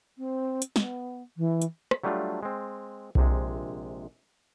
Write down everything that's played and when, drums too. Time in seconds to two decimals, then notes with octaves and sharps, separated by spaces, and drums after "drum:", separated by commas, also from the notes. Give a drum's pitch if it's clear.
0.17 C4
0.62 drum: hi-hat
0.76 B3, drum: snare
1.37 E3
1.62 drum: hi-hat
1.91 drum: rim click
2.04 F#3 G3 A3 D4 F4
2.43 G#3 C4
3.15 A#1 C3 G#3, drum: kick B1